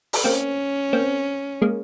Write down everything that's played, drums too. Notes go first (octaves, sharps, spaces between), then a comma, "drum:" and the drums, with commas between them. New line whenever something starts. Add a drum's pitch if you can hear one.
drum: open hi-hat
A#3 C4 C#4
A#3 C4
G#3 A#3